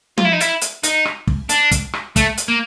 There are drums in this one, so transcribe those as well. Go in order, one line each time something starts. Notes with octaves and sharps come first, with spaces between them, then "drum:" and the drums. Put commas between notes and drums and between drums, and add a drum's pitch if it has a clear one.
F4, drum: tom
E4
D#4
E4, drum: hi-hat
drum: hi-hat
D#4, drum: hi-hat
drum: rim click
drum: kick
D4, drum: hi-hat
drum: kick, hi-hat
drum: rim click
A3, drum: kick, hi-hat
drum: hi-hat
A#3